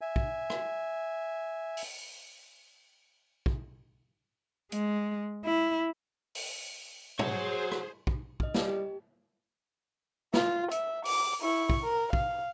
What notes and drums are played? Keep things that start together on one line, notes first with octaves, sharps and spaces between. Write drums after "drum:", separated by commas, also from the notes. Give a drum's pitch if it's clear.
E5 G#5
drum: kick
drum: rim click
drum: open hi-hat
drum: kick
G#3, drum: hi-hat
E4
drum: open hi-hat
F#4 G#4 C5 C#5, drum: tom
drum: rim click
drum: kick
D#5 F6, drum: kick
G3, drum: snare
G4
F4, drum: snare
E5, drum: hi-hat
D6, drum: open hi-hat
E4 C#6
drum: kick
A#4
F5, drum: kick